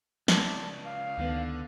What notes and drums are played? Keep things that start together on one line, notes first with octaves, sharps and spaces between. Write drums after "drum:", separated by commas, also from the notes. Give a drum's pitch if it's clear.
C#2 D5 A5, drum: snare
F5
D2 D3 D#3 B3